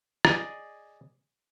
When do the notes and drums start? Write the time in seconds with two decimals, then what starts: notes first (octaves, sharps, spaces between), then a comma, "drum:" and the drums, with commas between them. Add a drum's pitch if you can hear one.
0.25 G#4 D5 D#5 G#5, drum: rim click